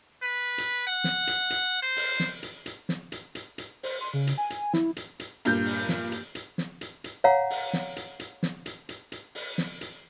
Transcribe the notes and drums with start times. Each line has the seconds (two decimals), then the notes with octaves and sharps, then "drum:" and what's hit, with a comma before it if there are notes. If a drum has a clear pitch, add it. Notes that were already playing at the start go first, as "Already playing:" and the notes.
0.22 B4
0.58 drum: hi-hat
0.87 F#5
1.04 drum: snare
1.27 drum: hi-hat
1.50 drum: hi-hat
1.82 C5
1.97 drum: open hi-hat
2.20 drum: snare
2.43 drum: hi-hat
2.66 drum: hi-hat
2.89 drum: snare
3.12 drum: hi-hat
3.35 drum: hi-hat
3.58 drum: hi-hat
3.83 C5, drum: open hi-hat
4.01 C6
4.14 C#3
4.27 drum: hi-hat
4.38 G#5
4.50 drum: hi-hat
4.73 E4, drum: snare
4.97 drum: hi-hat
5.20 drum: hi-hat
5.45 G2 A#2 G6, drum: hi-hat
5.66 drum: open hi-hat
5.89 drum: snare
6.12 drum: hi-hat
6.35 drum: hi-hat
6.58 drum: snare
6.81 drum: hi-hat
7.04 drum: hi-hat
7.24 C#5 F5 F#5 A#5
7.50 drum: open hi-hat
7.73 drum: snare
7.96 drum: hi-hat
8.20 drum: hi-hat
8.43 drum: snare
8.66 drum: hi-hat
8.89 drum: hi-hat
9.12 drum: hi-hat
9.35 drum: open hi-hat
9.58 drum: snare
9.81 drum: hi-hat